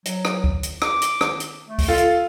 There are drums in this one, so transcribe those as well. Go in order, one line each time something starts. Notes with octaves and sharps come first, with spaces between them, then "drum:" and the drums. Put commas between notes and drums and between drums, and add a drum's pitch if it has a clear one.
F#3, drum: hi-hat
drum: rim click
drum: kick
drum: hi-hat
D6, drum: rim click
drum: hi-hat
drum: rim click
drum: hi-hat
A3
drum: kick, open hi-hat
F4 A4
drum: hi-hat